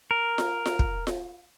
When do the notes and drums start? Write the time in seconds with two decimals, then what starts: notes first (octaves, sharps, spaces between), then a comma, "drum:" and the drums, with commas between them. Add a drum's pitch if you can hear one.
0.11 A#4
0.38 drum: snare F4
0.66 drum: snare F4
0.79 drum: kick
1.07 drum: snare F4